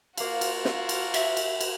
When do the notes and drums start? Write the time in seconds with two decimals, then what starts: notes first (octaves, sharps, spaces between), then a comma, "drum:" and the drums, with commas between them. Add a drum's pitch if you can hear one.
0.17 A#3 F4 F#4 A#4 F5, drum: cymbal
0.41 drum: cymbal
0.65 drum: snare
0.89 drum: cymbal
1.14 E5, drum: cymbal
1.37 drum: cymbal
1.61 drum: cymbal